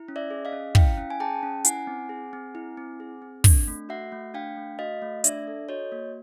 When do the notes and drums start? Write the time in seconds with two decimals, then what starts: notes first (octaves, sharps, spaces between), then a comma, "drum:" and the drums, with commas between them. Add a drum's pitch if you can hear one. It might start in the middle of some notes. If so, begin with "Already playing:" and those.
Already playing: E4
0.08 C#4
0.16 D5 E5
0.30 G#4
0.45 D#5 F5
0.52 C#4
0.75 E4 F5 G5, drum: kick
0.97 C#4
1.10 G#5
1.20 G#4 G5 A5
1.43 C#4
1.65 E4 F#5 G#5, drum: hi-hat
1.87 C4
2.09 G#4
2.33 C4
2.55 E4
2.77 C4
3.00 G#4
3.22 C4
3.44 D4, drum: kick, open hi-hat
3.68 A3
3.89 F#4 E5 F#5
4.12 A3
4.34 D4 F5 G5
4.56 A3
4.79 F#4 D#5 F5
5.02 A3
5.24 D4 D5 E5, drum: hi-hat
5.47 A4
5.69 F#4 C#5 D#5
5.92 A#3